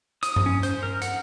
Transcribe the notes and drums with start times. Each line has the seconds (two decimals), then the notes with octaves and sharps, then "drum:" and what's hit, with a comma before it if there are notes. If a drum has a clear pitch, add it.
0.23 D#6, drum: hi-hat
0.36 drum: tom G2
0.46 C#4
0.63 C5, drum: hi-hat
0.83 A#4
1.02 F#5, drum: hi-hat